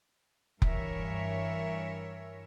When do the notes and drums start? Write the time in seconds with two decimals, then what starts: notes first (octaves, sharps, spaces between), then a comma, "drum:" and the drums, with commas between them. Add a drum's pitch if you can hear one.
0.62 G2 E3 A#4 C#5 E5, drum: kick F1